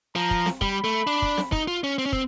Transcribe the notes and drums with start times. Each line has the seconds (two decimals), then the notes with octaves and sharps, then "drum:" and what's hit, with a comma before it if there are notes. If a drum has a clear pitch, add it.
0.16 F3 A#5
0.31 drum: kick
0.46 drum: snare C4
0.61 G3 B5, drum: kick
0.84 A3
1.07 D4
1.22 drum: kick
1.37 drum: snare C4
1.52 D#4, drum: kick
1.68 F4
1.84 C#4
1.98 C4
2.06 C#4
2.12 C4, drum: kick